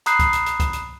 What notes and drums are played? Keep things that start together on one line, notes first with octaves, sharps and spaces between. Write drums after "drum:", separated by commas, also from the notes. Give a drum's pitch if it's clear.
A#5 B5 D#6 F#6 G6 C7, drum: hi-hat
drum: kick C2, hi-hat
drum: hi-hat
drum: hi-hat
drum: kick C2, hi-hat
drum: hi-hat